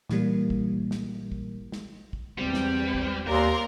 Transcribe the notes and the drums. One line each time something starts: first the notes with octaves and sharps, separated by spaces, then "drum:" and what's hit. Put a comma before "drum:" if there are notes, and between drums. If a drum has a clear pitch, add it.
A#2 E3 G3 A#3, drum: snare
drum: kick
drum: snare
drum: kick
drum: snare
drum: kick
E2 G3 C4
drum: snare
drum: kick
D#2 A#4 D5 A#5 C6